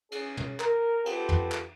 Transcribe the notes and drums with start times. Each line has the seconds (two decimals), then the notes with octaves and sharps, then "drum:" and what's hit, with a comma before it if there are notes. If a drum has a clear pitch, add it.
0.12 C#4 G#4, drum: cymbal
0.37 drum: tom
0.60 A#4, drum: clap
1.06 B3 C4 F4 G4 A4, drum: cymbal
1.29 drum: tom
1.52 drum: clap